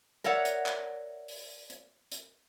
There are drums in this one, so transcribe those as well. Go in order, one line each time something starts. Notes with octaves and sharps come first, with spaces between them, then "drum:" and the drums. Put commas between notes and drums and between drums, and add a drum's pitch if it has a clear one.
A#4 C#5 D5 E5 F#5
drum: hi-hat
drum: clap
drum: open hi-hat
drum: hi-hat
drum: hi-hat